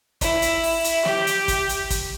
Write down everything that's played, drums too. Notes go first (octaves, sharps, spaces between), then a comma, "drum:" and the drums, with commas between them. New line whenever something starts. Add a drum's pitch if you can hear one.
E4, drum: kick, hi-hat
drum: hi-hat
drum: open hi-hat
drum: hi-hat
G4, drum: snare
drum: hi-hat
drum: kick, hi-hat
drum: hi-hat
drum: kick, hi-hat